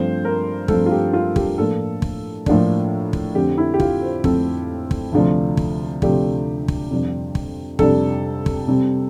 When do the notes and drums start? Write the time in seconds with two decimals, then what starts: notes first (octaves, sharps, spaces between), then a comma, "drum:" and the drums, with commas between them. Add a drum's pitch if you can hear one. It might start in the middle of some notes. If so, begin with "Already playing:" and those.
Already playing: G2 F3 A3 C4 C5
0.25 A#4
0.68 G2 F3 A3 C4 A4, drum: kick
0.86 F4
0.91 G4
1.13 F4
1.36 G4, drum: kick
1.58 A2 F3 A#3 D4 A4
2.02 drum: kick
2.46 A2 F3 A#3 D4, drum: kick
3.13 drum: kick
3.35 F2 D3 A3 C4 G4
3.58 E4
3.74 G4
3.80 F4, drum: kick
4.02 C5
4.24 F2 D3 A3 C4 A4, drum: kick
4.91 drum: kick
5.13 D2 C3 F3 A3 D4
5.57 drum: kick
6.02 D2 C3 F3 A3 D4 G4, drum: kick
6.68 drum: kick
6.91 F2 C3 G3 D4
7.35 drum: kick
7.79 F2 C3 G3 D4 A4, drum: kick
8.46 drum: kick
8.68 C3 G3 C4